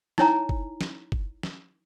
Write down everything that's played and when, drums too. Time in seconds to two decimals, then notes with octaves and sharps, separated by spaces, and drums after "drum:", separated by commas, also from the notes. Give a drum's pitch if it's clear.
0.18 D#4 E4 C#5 G#5 A#5, drum: snare
0.49 drum: kick F#1
0.81 drum: snare
1.12 drum: kick F#1
1.43 drum: snare